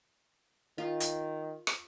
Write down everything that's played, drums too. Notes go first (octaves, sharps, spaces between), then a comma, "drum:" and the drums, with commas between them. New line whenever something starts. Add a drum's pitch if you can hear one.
D#3 F4
drum: hi-hat
drum: rim click